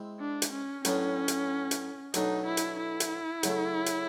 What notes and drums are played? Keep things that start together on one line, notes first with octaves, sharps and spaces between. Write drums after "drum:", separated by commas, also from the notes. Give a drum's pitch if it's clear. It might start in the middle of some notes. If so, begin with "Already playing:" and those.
Already playing: G#3 C4 E4
D4
drum: hi-hat
C#4
A2 F#3 B3 C#4 D4, drum: hi-hat
drum: hi-hat
drum: hi-hat
B2 F#3 A3 D4 D#4, drum: hi-hat
E4
drum: hi-hat
E4
drum: hi-hat
C#3 F#3 A3, drum: hi-hat
drum: hi-hat